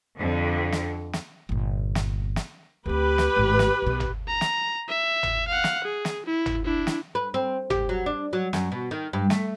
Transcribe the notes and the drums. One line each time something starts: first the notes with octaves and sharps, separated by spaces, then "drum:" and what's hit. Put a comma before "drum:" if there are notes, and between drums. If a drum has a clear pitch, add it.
F2 D3
drum: snare
drum: snare
G1 A#2
drum: snare
drum: snare
D2 C4 G4 B4
drum: snare
G#1 A2
drum: snare
B1 B2
drum: tom
A#5
drum: snare
E5
drum: tom
F5 F#5
drum: snare
G#4
drum: snare
E4
drum: tom
D4 E4
drum: snare
B4
C4
G4, drum: tom
F#3
D4
F#3
F#2, drum: snare
B2
D#3
G2
A3, drum: snare